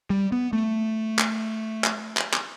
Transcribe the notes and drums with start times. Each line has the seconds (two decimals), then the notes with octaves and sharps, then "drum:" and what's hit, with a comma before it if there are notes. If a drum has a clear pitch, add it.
0.10 G3
0.32 B3
0.53 A3
1.19 drum: clap
1.84 drum: clap
2.17 drum: clap
2.33 drum: clap